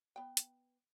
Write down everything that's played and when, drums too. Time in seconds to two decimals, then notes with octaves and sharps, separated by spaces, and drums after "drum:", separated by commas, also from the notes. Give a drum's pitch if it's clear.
0.16 B3 G5
0.37 drum: hi-hat